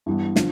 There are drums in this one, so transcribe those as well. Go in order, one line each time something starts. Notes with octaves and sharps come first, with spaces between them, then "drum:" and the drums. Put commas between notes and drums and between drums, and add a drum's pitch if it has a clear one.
G2 E3 G3 B3 D4
D3 F3, drum: snare